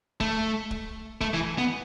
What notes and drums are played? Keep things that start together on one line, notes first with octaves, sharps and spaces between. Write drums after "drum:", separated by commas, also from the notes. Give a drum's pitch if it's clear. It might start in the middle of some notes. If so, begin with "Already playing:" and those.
A3, drum: kick
drum: kick
A3, drum: kick
E3
B3